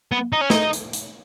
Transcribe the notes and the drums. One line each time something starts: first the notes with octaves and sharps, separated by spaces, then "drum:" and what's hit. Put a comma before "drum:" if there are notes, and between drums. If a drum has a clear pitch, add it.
B3
D#4
C#4
D#4, drum: snare
drum: hi-hat
drum: hi-hat